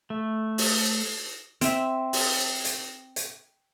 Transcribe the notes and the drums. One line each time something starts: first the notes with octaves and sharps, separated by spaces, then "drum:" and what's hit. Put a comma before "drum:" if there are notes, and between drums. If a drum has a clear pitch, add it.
A3
drum: open hi-hat
C4 E5, drum: hi-hat
drum: open hi-hat
drum: hi-hat
drum: hi-hat